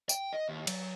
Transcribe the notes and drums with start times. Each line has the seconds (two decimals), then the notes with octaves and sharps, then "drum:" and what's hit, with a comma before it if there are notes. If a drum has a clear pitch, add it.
0.09 G5, drum: tambourine
0.33 D#5
0.49 D#2
0.67 F#3, drum: cymbal